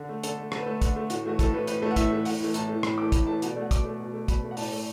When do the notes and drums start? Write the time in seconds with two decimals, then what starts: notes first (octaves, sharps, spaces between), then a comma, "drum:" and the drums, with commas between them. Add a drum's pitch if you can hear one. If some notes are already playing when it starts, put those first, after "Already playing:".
Already playing: D3
0.09 A3
0.23 D3 A4, drum: hi-hat
0.38 A3
0.52 D3 A4, drum: rim click
0.59 B4
0.66 A3 A4
0.82 D3, drum: kick, hi-hat
0.96 A3
1.10 A2 F#4, drum: hi-hat
1.25 E3 A3 F#4
1.39 A2 A4, drum: kick, hi-hat
1.53 E3 A3 B4
1.67 A2 B4, drum: hi-hat
1.82 E3 A3 A4
1.91 F#5
1.96 A2 E5, drum: kick, hi-hat
2.12 E3 A3
2.25 A2 F#5, drum: open hi-hat
2.40 E3 A3
2.54 A2 A5, drum: hi-hat
2.69 E3 A3
2.83 A2 B5, drum: rim click
2.98 E3 A3 D6
3.12 A2 B5, drum: kick, hi-hat
3.27 E3 A3 A5
3.42 B2 F#5, drum: hi-hat
3.51 D5
3.56 A3
3.62 F#5
3.71 B2 D6, drum: kick, hi-hat
3.85 A3
4.00 B2
4.14 A3
4.28 B2 B5, drum: kick, hi-hat
4.44 A3
4.51 F#5
4.57 A2 A5, drum: open hi-hat
4.72 A3